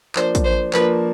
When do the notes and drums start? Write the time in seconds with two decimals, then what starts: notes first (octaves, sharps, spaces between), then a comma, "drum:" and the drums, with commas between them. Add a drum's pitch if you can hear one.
0.16 F3 A#3 D4 C5, drum: clap
0.35 drum: kick, hi-hat
0.44 C5
0.73 F3 A#3 D4 B4, drum: clap